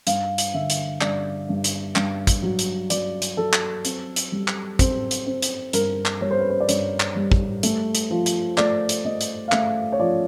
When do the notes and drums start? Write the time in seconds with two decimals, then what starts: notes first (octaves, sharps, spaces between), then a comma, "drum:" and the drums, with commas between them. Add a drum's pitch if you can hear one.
0.07 G2 F5, drum: hi-hat
0.38 drum: hi-hat
0.54 D3 E5
0.70 drum: hi-hat
1.01 G2 D5, drum: clap
1.49 G2
1.64 drum: hi-hat
1.96 G2, drum: clap
2.27 drum: kick, hi-hat
2.42 F#3
2.59 drum: hi-hat
2.90 F#3 D5, drum: hi-hat
3.22 drum: hi-hat
3.37 F#3 A4
3.53 drum: clap
3.85 C4, drum: hi-hat
4.16 drum: hi-hat
4.32 G3
4.48 drum: clap
4.79 C4, drum: kick, hi-hat
5.11 drum: hi-hat
5.26 C4
5.42 drum: hi-hat
5.73 G2 A#4, drum: hi-hat
6.05 drum: clap
6.21 G3 C#5
6.31 C5
6.40 B4
6.50 C5
6.60 D5
6.69 G2 C#5, drum: hi-hat
7.00 drum: clap
7.16 G3
7.32 drum: kick
7.63 A3, drum: hi-hat
7.95 drum: hi-hat
8.10 F3
8.26 drum: hi-hat
8.58 A3 D5, drum: clap
8.89 drum: hi-hat
9.05 A3 D#5
9.21 drum: hi-hat
9.48 F5
9.52 A3 E5, drum: clap
9.92 C#5
10.00 F3 D5